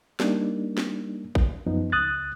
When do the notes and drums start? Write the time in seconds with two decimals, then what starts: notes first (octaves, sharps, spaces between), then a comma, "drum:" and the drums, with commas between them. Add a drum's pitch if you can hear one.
0.20 G3 A#3 D4 D#4, drum: snare
0.78 drum: snare
1.35 drum: kick
1.66 F#2 F3 B3 D#4
1.92 C#2 D#6 F#6 A6